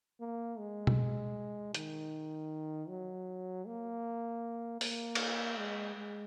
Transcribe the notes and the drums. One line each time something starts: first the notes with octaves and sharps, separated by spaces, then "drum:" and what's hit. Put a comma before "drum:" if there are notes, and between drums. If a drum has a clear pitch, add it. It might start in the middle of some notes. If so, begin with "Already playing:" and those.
A#3
G#3
drum: tom B2
D#3, drum: hi-hat
F#3
A#3
A#3, drum: open hi-hat
drum: cymbal
G#3
G#3